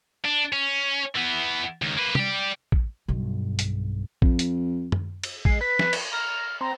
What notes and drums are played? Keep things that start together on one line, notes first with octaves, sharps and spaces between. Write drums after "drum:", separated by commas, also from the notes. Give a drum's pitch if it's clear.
D4
C#4
E3 B3
C#2 D#3
A#3 B4
G4 D5, drum: tom
drum: kick
B1 G2
drum: hi-hat
F2, drum: kick
drum: hi-hat
drum: tom F#2
drum: cymbal
G#3 C7, drum: kick
B4 B6
drum: snare
drum: cymbal
A#5 F6
C4 A#5